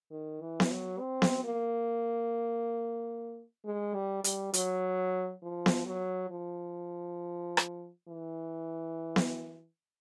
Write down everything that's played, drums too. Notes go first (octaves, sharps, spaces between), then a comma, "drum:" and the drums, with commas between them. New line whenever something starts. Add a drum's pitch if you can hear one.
D#3
E3
drum: snare B3
F#3
C4
drum: snare B3
A#3
G#3
G3
G3, drum: hi-hat
F#3, drum: hi-hat
F3
drum: snare B3
F#3
F3
drum: rim click
E3
drum: snare B3